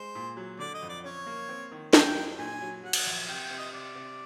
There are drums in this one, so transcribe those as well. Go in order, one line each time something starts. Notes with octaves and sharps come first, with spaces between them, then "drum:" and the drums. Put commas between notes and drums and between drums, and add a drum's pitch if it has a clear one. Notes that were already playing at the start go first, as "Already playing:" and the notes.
Already playing: G#3 C5
A#2
F#3
D3 D5
D#5
F2
D5
C#4 C#5
A#3
C4
D#3
F#2 G5, drum: snare
F#3
A#2 G#5
F#3
F#3 F#5
drum: cymbal
A#1
C3 G5
G5
C3
D#5
C3 D5
C3